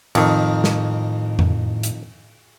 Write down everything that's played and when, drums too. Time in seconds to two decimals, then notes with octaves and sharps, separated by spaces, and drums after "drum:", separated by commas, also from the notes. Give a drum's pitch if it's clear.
0.15 F2 A2 D#3, drum: cymbal
0.64 drum: snare
1.39 drum: tom F2
1.83 drum: hi-hat